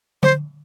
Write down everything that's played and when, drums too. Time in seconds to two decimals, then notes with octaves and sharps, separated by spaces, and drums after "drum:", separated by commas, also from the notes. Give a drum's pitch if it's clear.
0.23 C5, drum: tom D3